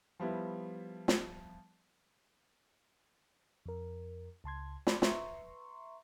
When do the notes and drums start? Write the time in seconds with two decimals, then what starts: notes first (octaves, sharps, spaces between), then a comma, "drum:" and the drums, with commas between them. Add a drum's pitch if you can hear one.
0.20 F3 G3 B3 E4
1.08 drum: snare
3.66 F2 A#4
4.44 C#2 A5 C6 G#6
4.87 D5 A5 B5 C6 D6, drum: snare
5.02 B4 E5 A#5 C6 C#6, drum: snare